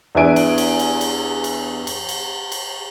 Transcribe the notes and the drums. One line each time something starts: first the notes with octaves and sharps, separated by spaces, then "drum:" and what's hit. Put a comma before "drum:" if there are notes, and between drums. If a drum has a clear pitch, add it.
E2 B3 D4 E4 G#5 D7
drum: cymbal
drum: cymbal
drum: cymbal
drum: cymbal
drum: cymbal
drum: cymbal
drum: cymbal
drum: cymbal